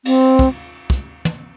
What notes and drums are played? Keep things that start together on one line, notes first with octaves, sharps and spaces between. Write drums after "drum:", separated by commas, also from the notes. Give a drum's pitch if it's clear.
C4, drum: cymbal
drum: kick
drum: kick
drum: tom